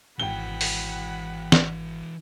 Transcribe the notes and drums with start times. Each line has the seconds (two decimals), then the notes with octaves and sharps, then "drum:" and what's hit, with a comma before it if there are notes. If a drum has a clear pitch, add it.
0.19 G#1 E3 F#4 F#5 G5 B5 G7
0.61 drum: open hi-hat
1.52 drum: snare